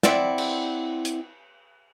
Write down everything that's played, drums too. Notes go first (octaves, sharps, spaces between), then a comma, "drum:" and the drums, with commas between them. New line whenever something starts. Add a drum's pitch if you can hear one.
C4 E4 D5 F#5, drum: snare
drum: cymbal
drum: hi-hat